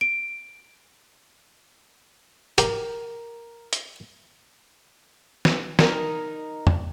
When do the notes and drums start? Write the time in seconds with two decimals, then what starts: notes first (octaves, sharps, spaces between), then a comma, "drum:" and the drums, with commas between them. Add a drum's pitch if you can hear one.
0.01 D7
2.58 G4 A#4 A#5, drum: hi-hat
3.73 drum: hi-hat
5.45 drum: snare
5.79 D#4 A#4, drum: snare
6.67 drum: tom E2